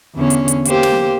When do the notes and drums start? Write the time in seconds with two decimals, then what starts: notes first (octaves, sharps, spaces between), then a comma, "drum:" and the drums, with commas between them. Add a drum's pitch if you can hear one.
0.15 E2 D3 C#4
0.30 drum: hi-hat
0.48 drum: hi-hat
0.65 A#3 G4 C5, drum: hi-hat
0.83 drum: snare